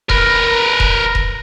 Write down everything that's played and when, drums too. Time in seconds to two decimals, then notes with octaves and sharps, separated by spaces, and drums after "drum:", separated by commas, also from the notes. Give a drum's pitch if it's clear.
0.10 A#4 B4, drum: kick E1
0.80 drum: kick E1
1.15 drum: kick E1